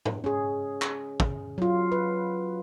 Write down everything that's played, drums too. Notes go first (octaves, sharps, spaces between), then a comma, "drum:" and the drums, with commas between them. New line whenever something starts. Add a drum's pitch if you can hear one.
drum: tom G#2
C#4 G#4
drum: clap
drum: kick
F#3 F4
B4